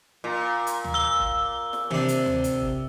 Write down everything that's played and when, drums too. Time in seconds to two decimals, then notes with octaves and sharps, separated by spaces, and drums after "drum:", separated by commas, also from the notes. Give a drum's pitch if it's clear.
0.24 A#2
0.67 drum: hi-hat
0.84 drum: tom D2
0.94 E6 G7
1.20 drum: kick C#1
1.73 drum: snare
1.91 C3 D4, drum: tom D#3
2.08 drum: hi-hat
2.26 drum: tom D2
2.44 drum: hi-hat
2.62 drum: kick C#1